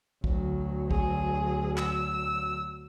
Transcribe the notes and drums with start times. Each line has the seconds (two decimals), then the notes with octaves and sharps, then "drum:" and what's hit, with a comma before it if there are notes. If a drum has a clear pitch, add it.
0.24 D2 F#3, drum: kick A#1
0.91 G#4, drum: kick A#1
1.77 E6, drum: clap